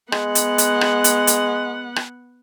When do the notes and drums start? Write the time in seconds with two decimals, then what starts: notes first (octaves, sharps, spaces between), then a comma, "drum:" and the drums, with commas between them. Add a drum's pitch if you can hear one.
0.12 G#3 B3 F#5, drum: rim click
0.35 drum: hi-hat
0.58 drum: hi-hat
0.81 drum: rim click
1.04 drum: hi-hat
1.27 drum: hi-hat
1.96 drum: rim click